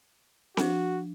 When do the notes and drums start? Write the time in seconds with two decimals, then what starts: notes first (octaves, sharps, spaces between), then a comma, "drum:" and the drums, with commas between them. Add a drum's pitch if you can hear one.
0.57 F3 D4 F#4, drum: snare C4